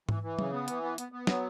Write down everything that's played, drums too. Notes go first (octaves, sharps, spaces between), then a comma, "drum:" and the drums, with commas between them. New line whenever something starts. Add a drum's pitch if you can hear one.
E3, drum: tom G#2
E3
C#3, drum: tom F#3
B3
E3, drum: hi-hat
B3
B3, drum: hi-hat
B3
F#3, drum: snare